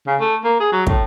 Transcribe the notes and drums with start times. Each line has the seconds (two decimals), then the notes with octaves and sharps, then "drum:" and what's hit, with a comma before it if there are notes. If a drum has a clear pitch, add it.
0.07 C#3
0.20 A3
0.44 A#3
0.60 G#4
0.72 F#3
0.87 A2, drum: kick